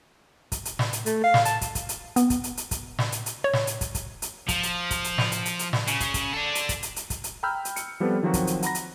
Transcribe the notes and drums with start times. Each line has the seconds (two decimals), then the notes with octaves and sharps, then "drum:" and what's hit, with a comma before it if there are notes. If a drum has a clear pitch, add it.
0.52 drum: kick, hi-hat
0.65 drum: hi-hat
0.79 drum: snare
0.93 drum: hi-hat
1.06 A3, drum: hi-hat
1.24 F5
1.34 drum: snare
1.45 A5, drum: hi-hat
1.61 drum: kick, hi-hat
1.75 drum: kick, hi-hat
1.89 drum: hi-hat
2.16 B3, drum: hi-hat
2.30 drum: kick, hi-hat
2.44 drum: hi-hat
2.57 drum: hi-hat
2.71 drum: kick, hi-hat
2.99 drum: snare
3.12 drum: hi-hat
3.26 drum: hi-hat
3.44 C#5
3.53 drum: snare
3.67 drum: hi-hat
3.81 drum: kick, hi-hat
3.95 drum: kick, hi-hat
4.22 drum: hi-hat
4.49 F3, drum: kick, hi-hat
4.63 drum: hi-hat
4.91 drum: kick, hi-hat
5.04 drum: hi-hat
5.18 drum: snare
5.32 drum: hi-hat
5.45 drum: hi-hat
5.59 drum: hi-hat
5.73 drum: snare
5.87 C#3, drum: hi-hat
6.00 drum: kick, hi-hat
6.14 drum: kick, hi-hat
6.33 D4 A4
6.55 drum: hi-hat
6.69 drum: kick, hi-hat
6.83 drum: hi-hat
6.96 drum: hi-hat
7.10 drum: kick, hi-hat
7.24 drum: hi-hat
7.43 G5 A#5 B5 E6 F6 G6
7.65 drum: hi-hat
7.76 C#7, drum: hi-hat
8.00 F3 G3 B3 C4 A4 B4
8.23 D#3 F3 F#3 C4 D#4 F#4
8.34 drum: kick, hi-hat
8.47 drum: hi-hat
8.63 F#5 A#5 B5 A#6, drum: hi-hat
8.75 drum: hi-hat